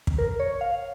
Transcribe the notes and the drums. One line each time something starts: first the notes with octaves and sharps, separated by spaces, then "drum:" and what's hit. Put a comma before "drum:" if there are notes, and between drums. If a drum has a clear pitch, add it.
drum: kick
A#4
C#5
F5